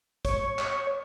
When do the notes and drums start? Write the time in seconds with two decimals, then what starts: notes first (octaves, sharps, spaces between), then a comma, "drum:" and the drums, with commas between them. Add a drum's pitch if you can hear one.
0.25 C#5, drum: kick, hi-hat
0.59 drum: clap